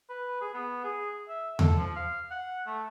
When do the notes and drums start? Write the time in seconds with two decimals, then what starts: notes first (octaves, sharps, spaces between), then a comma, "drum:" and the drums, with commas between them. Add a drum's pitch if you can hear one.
0.10 B4
0.41 G#4
0.54 B3
0.84 G#4
1.29 E5
1.59 A4, drum: tom E2
1.78 F3
1.96 F5
2.31 F#5
2.67 A3